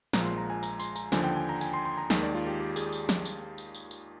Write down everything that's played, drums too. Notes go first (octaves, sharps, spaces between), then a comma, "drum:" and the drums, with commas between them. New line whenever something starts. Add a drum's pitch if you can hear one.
A#1 A#2 F3 G#3 A#5, drum: snare
C6
A#5
G#5
A#5, drum: tambourine
C6, drum: tambourine
A#5, drum: tambourine
D#2 D3 F3 G#5, drum: snare
G5
G#5
A#5
G#5, drum: tambourine
C6
C6
A#5
D#2 D#3 G#3 G#5, drum: snare
D5
F4
G4
G4
G#4, drum: tambourine
drum: tambourine
drum: snare
drum: tambourine
drum: tambourine
drum: tambourine
drum: tambourine